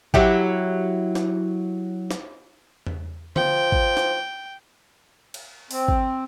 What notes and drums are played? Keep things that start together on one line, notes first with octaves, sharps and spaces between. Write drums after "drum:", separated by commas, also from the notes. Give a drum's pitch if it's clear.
F#3 E4 G4, drum: kick G#1
drum: snare
drum: snare
drum: tom E2
F3 G5, drum: tom D3
drum: kick G#1
drum: snare
drum: cymbal
C4, drum: open hi-hat
drum: kick G#1